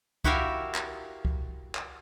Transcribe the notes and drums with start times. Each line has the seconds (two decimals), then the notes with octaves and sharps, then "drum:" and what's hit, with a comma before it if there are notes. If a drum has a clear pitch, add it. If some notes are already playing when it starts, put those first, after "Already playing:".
0.24 E4 F#4 G4 A#4 E5 F5, drum: kick
0.75 drum: clap
1.25 drum: kick
1.75 drum: clap